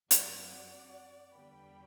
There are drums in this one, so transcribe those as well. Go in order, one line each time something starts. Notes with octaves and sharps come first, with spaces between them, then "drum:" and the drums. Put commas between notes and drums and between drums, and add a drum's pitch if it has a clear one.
F#2 F#3 C4 D5 F#5, drum: hi-hat
E2 D3 G3 B3 G5 B5